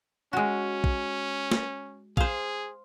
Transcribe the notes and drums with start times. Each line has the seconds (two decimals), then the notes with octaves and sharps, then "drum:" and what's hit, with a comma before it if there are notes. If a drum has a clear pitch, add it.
0.33 G#3 C#4 F#4
0.84 drum: kick
1.51 drum: snare
2.17 G#4 C5 F5, drum: kick